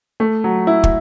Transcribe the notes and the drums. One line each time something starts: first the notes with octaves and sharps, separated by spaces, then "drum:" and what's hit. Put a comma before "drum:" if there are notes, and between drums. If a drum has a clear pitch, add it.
A3
F#3
E4
drum: kick